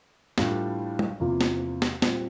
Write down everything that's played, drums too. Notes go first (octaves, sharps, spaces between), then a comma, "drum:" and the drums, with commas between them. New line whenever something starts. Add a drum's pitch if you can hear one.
A2 E3 G3 D4 F4, drum: snare
drum: tom G3
E2 C3 F3 A#3 F4
drum: snare
drum: snare
A#2 G3 C4 F4, drum: snare